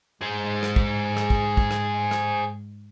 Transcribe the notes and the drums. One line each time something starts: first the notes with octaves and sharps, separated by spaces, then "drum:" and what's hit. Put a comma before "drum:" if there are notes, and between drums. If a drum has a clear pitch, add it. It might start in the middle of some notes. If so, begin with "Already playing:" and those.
G#2 G#4 C5
drum: rim click
drum: kick
drum: rim click
drum: kick
drum: kick
drum: rim click
drum: rim click